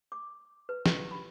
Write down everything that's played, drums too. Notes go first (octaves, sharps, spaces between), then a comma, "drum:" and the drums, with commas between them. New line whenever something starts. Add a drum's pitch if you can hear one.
D6
B4
G4, drum: snare
B5